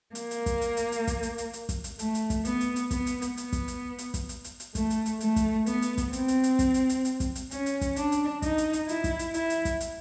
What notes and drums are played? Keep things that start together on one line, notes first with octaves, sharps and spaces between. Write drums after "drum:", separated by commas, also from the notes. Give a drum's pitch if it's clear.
A#3, drum: hi-hat
drum: hi-hat
drum: kick, hi-hat
drum: hi-hat
drum: hi-hat
drum: hi-hat
drum: kick, hi-hat
drum: hi-hat
drum: hi-hat
drum: hi-hat
drum: kick, hi-hat
drum: hi-hat
A3, drum: hi-hat
drum: hi-hat
drum: kick, hi-hat
B3, drum: hi-hat
drum: hi-hat
drum: hi-hat
B3, drum: kick, hi-hat
drum: hi-hat
drum: hi-hat
B3, drum: hi-hat
drum: kick, hi-hat
drum: hi-hat
drum: hi-hat
drum: kick, hi-hat
drum: hi-hat
drum: hi-hat
drum: hi-hat
A3, drum: kick, hi-hat
drum: hi-hat
drum: hi-hat
A3, drum: hi-hat
drum: kick, hi-hat
B3, drum: hi-hat
drum: hi-hat
drum: kick, hi-hat
C4, drum: hi-hat
drum: hi-hat
drum: hi-hat
drum: kick, hi-hat
drum: hi-hat
drum: hi-hat
drum: hi-hat
drum: kick, hi-hat
drum: hi-hat
C#4, drum: hi-hat
drum: hi-hat
drum: kick, hi-hat
D4, drum: hi-hat
drum: hi-hat
D#4, drum: kick, hi-hat
drum: hi-hat
drum: hi-hat
E4, drum: hi-hat
drum: kick, hi-hat
drum: hi-hat
E4, drum: hi-hat
drum: hi-hat
drum: kick, hi-hat
drum: hi-hat